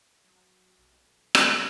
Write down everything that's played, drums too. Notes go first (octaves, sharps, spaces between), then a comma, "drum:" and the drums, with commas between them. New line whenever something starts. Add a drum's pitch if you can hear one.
F#3
B1
drum: rim click